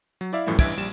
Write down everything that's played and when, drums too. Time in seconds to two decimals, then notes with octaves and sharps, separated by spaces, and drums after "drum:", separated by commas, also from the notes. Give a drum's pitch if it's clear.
0.21 F#3
0.33 E4 D5 E5 F5
0.47 F#2 A2 E3 F3 G3
0.59 A1 G2 E3 E5 G#6 D7, drum: kick, open hi-hat
0.77 A#1 G3 E7